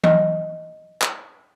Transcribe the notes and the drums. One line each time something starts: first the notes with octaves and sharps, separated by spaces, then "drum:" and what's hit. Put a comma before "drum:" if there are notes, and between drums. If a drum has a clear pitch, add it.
D#5, drum: tom E3
drum: clap